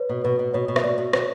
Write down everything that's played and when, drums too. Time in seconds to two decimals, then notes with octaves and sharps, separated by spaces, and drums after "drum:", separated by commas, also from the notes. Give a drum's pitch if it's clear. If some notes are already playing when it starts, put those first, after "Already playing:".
Already playing: B4 C#5
0.09 B2
0.24 B2 B4
0.39 B2
0.54 B2 C#5
0.68 B2
0.76 E5, drum: rim click
0.83 B2 D5
0.98 B2
1.13 B2 C#5, drum: rim click